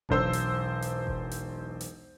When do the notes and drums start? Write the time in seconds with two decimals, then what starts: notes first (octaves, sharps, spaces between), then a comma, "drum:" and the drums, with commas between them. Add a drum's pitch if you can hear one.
0.09 E1 B1 C5 E6, drum: kick F#1
0.33 drum: hi-hat
0.82 drum: hi-hat
1.07 drum: kick F#1
1.31 drum: hi-hat
1.81 drum: hi-hat